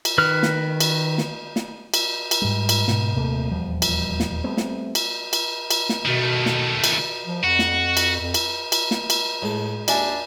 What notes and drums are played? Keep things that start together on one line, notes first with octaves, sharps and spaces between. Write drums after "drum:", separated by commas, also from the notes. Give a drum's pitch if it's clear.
drum: cymbal
D#3 B4 F6
drum: snare
drum: cymbal
drum: snare
drum: snare
drum: cymbal
drum: cymbal
G#2 G3
drum: cymbal
G#2 B2, drum: snare
D#1 C3 A3 A#3
D#1 E2 F3 G3
drum: cymbal
drum: snare
G3 A3 B3 C4
drum: snare
drum: cymbal
drum: cymbal
drum: cymbal
drum: snare
B2 D#3 A3
drum: snare
drum: cymbal
F3
F2 F#4
drum: snare
drum: cymbal
F2
drum: cymbal
drum: cymbal
drum: snare
drum: cymbal
A2 G#3 A5
D#2 D4 D#5 E5 G#5, drum: cymbal